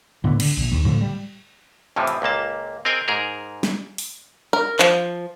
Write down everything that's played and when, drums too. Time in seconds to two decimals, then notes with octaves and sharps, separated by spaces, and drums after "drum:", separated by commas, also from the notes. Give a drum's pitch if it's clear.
0.24 A2 D3 B3
0.40 D3, drum: cymbal
0.57 A#1
0.72 D#2
0.85 A2 D3 F3
1.01 G3
1.96 F2 A2 C3 E3 F3
2.07 drum: hi-hat
2.22 C#2 A#2 A#3 A5
2.85 C4 G#4 A#4 D#5 G5 G#5
3.08 G#2 G#4 A#4
3.63 drum: snare
3.98 drum: open hi-hat
4.53 A#4
4.79 F3, drum: clap